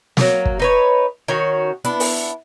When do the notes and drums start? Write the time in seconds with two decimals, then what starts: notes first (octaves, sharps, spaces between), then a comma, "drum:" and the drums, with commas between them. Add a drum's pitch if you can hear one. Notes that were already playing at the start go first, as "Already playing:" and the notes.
0.17 F#3 A#3, drum: snare
0.45 drum: kick
0.60 D#4 B4 C#5
1.28 D#3 C#4 F#4 C#5
1.84 B3 D4 E4, drum: hi-hat
2.00 drum: open hi-hat